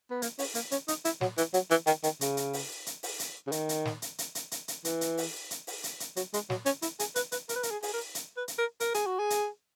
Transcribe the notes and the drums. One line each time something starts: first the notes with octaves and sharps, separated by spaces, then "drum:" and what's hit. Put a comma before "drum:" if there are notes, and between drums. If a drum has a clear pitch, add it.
B3
A#3, drum: hi-hat
C#4, drum: open hi-hat
A#3, drum: hi-hat
C#4, drum: hi-hat
D#4, drum: hi-hat
E4, drum: hi-hat
F#3, drum: snare
E3, drum: hi-hat
F#3, drum: hi-hat
E3, drum: hi-hat
D#3, drum: hi-hat
D#3, drum: hi-hat
C#3, drum: hi-hat
drum: hi-hat
drum: open hi-hat
drum: hi-hat
drum: open hi-hat
drum: hi-hat
C#3
D#3, drum: hi-hat
drum: hi-hat
drum: snare
drum: hi-hat
drum: hi-hat
drum: hi-hat
drum: hi-hat
drum: hi-hat
E3, drum: hi-hat
drum: hi-hat
drum: open hi-hat
drum: hi-hat
drum: open hi-hat
drum: hi-hat
drum: hi-hat
F#3, drum: hi-hat
G#3, drum: hi-hat
F#3, drum: snare
C#4, drum: hi-hat
E4, drum: hi-hat
G#4, drum: hi-hat
B4, drum: hi-hat
B4, drum: hi-hat
A#4, drum: hi-hat
B4
A#4, drum: hi-hat
G#4
G#4, drum: open hi-hat
A#4
drum: hi-hat
B4
drum: hi-hat
A#4
A#4, drum: hi-hat
G#4, drum: hi-hat
F#4
G#4
drum: hi-hat